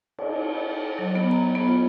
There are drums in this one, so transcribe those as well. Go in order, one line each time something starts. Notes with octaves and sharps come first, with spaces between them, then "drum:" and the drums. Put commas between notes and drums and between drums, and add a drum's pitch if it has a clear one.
drum: cymbal
F#3
B3
A#5
B3
F4